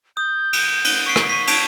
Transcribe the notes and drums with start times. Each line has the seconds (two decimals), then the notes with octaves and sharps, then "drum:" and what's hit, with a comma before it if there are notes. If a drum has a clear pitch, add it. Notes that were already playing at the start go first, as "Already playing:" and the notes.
0.17 D#6 G6
0.53 drum: cymbal
0.84 drum: cymbal
1.06 C#6 B6 C7 D7
1.16 drum: rim click
1.29 C#6 B6 D#7
1.47 A5 D7 F7, drum: cymbal